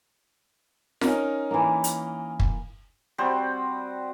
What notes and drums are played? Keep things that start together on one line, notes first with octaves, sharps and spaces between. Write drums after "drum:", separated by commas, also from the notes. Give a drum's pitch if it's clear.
C#4 D#4 A#4, drum: snare F4
E3 A#3
drum: hi-hat
drum: kick
G3 C4 F#4 C5